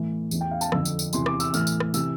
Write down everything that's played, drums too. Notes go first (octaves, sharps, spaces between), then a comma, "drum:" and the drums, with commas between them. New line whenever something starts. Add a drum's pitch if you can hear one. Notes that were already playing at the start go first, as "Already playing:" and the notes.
Already playing: A2 E3
E2 E3, drum: tambourine
G5
F5
A5, drum: tambourine
F2 D3 E6, drum: rim click
drum: tambourine
drum: tambourine
E2 C3 E3 C6, drum: tambourine
D6, drum: rim click
E6, drum: tambourine
A2 E3 F6, drum: tambourine
drum: tambourine
drum: rim click
C3 E3 E6, drum: tambourine